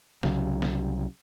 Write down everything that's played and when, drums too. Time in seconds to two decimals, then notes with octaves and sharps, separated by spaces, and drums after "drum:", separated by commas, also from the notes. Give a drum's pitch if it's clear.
0.23 C2 C#3 F#3, drum: snare
0.62 drum: snare